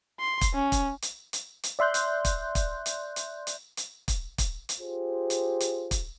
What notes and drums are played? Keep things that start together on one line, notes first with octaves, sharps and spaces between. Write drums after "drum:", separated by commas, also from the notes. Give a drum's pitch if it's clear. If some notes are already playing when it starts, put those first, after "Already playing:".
C6
drum: kick, hi-hat
C#4
drum: kick, hi-hat
drum: hi-hat
drum: hi-hat
drum: hi-hat
D5 E5 C6 F#6 G6
drum: hi-hat
drum: kick, hi-hat
drum: kick, hi-hat
drum: hi-hat
drum: hi-hat
drum: hi-hat
drum: hi-hat
drum: kick, hi-hat
drum: kick, hi-hat
drum: hi-hat
F4 G4 G#4 C5
drum: hi-hat
drum: hi-hat
drum: kick, hi-hat